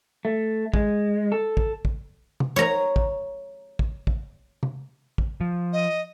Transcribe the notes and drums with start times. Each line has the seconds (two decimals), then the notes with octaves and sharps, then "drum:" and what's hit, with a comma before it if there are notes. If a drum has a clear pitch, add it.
0.25 A3
0.74 G#3, drum: kick
1.32 A4
1.57 drum: kick
1.85 drum: kick
2.40 drum: tom C3
2.56 C#5 A#5
2.96 drum: kick
3.79 drum: kick
4.07 drum: kick
4.63 drum: tom C3
5.18 drum: kick
5.41 F3
5.73 D#5